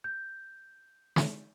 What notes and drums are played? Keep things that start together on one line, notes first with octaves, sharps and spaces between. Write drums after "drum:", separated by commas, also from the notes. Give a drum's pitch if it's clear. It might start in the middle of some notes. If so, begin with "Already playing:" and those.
G6
drum: snare